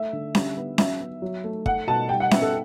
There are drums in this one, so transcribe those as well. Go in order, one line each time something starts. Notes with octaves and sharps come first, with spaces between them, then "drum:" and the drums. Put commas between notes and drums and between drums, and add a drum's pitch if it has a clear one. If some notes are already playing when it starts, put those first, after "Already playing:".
Already playing: A3 E5
D3
G3, drum: snare C#4
B3
F#3 E5, drum: snare C#4
B3
F#3
A3
A3 F#5, drum: kick
B2 A5
G3 G5
F#5
B3 E5, drum: snare C#4
A4